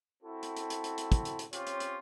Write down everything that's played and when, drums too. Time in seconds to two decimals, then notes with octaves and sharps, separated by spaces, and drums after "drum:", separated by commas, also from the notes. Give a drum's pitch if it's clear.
0.23 C4 E4 F#4 A4
0.43 drum: hi-hat
0.57 drum: hi-hat
0.70 drum: hi-hat
0.84 drum: hi-hat
0.98 drum: hi-hat
1.12 drum: kick, hi-hat
1.25 drum: hi-hat
1.39 drum: hi-hat
1.53 C4 C#4 F4 G4 C#5, drum: hi-hat
1.67 drum: hi-hat
1.80 drum: hi-hat